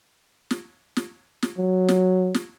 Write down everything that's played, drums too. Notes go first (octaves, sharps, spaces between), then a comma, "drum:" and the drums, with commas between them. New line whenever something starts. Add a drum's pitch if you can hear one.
drum: snare
drum: snare
drum: snare
F#3
drum: snare
drum: snare